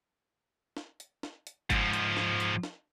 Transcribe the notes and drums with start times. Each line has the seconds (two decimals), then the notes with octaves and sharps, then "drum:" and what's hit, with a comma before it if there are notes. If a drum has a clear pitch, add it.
0.77 drum: snare
1.00 drum: hi-hat
1.23 drum: snare
1.47 drum: hi-hat
1.70 G#2 F3, drum: kick G1, hi-hat
1.93 drum: hi-hat
2.17 drum: snare
2.40 drum: hi-hat
2.63 drum: snare